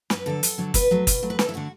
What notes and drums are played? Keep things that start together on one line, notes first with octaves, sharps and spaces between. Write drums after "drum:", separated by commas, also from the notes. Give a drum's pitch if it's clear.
F#2 B4, drum: snare
D3 F#3 A4
F#2, drum: hi-hat
D3 F#3
B2 B4, drum: kick, hi-hat
F#3 A3
B2, drum: kick, hi-hat
F#3 A3
B4
D2 A4, drum: snare
E4
D3 A3 F#4